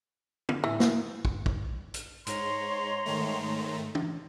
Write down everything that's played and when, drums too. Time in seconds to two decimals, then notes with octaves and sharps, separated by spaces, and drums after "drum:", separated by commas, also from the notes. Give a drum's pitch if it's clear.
0.49 drum: tom
0.64 A2 E3
0.80 A#3, drum: snare
1.25 drum: kick
1.46 drum: kick
1.94 drum: hi-hat
2.27 G#2 C#5 A#5 C6, drum: hi-hat
3.06 G#2 D#3 A3
3.95 drum: tom